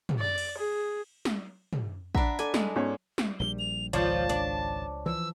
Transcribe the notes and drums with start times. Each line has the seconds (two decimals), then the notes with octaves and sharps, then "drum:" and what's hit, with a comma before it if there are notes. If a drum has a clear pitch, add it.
0.09 drum: tom
0.19 D5
0.38 drum: cymbal
0.58 G#4
1.25 drum: snare
1.73 drum: tom
2.15 D4 E5 F#5 A#5 B5, drum: kick
2.39 A4 D5 G#5, drum: hi-hat
2.54 G#3, drum: snare
2.76 G#2 B3 C#4 F#4 C#5
3.18 drum: snare
3.40 A#1 E3 G3 G7
3.59 F7
3.93 G#1 C#2 F3 C#5 D5 A5, drum: hi-hat
4.29 D4, drum: hi-hat
5.06 E3 F3 E6